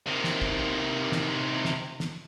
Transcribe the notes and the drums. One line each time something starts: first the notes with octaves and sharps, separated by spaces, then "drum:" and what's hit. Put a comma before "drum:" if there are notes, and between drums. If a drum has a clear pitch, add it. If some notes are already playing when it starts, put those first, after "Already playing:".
C3 D#3
drum: snare
drum: kick
drum: snare
drum: snare
drum: snare